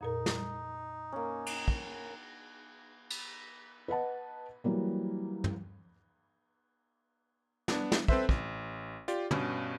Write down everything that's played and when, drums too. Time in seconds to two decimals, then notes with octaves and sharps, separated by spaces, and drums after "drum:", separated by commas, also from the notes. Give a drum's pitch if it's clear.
0.01 F2 A#2 D#4 A#4
0.26 drum: snare
1.12 A#3 C#4
1.46 drum: cymbal
1.68 drum: kick
3.10 drum: cymbal
3.88 B4 D#5 F#5 A5
4.64 E3 F#3 G3 A#3
5.44 drum: tom
7.68 B3 D4, drum: snare
7.92 drum: snare
8.08 C4 A4 B4 C5 E5, drum: kick
8.29 A1, drum: kick
9.08 F4 G4 D5, drum: hi-hat
9.31 G2 B2 C#4, drum: tom